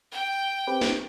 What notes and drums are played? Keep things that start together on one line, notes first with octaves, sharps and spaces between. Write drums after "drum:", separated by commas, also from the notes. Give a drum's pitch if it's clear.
G5
C4 G4 B4
drum: snare